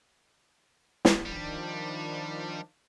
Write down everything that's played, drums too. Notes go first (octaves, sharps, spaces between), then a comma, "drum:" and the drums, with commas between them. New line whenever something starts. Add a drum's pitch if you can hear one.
drum: snare
D#3 F3 G3 D4